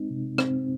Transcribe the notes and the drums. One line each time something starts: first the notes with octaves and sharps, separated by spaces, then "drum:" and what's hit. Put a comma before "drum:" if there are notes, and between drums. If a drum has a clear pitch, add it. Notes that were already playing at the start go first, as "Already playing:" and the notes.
Already playing: G#3 C4 D#4
C3
C4, drum: rim click